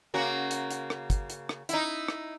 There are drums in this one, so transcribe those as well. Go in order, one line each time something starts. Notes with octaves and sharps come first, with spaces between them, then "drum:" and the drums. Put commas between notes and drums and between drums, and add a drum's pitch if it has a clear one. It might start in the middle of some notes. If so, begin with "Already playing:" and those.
C#3 A#3 F#4
drum: hi-hat
drum: hi-hat
drum: rim click
drum: kick, hi-hat
drum: hi-hat
drum: rim click
D#4 E4, drum: hi-hat
drum: rim click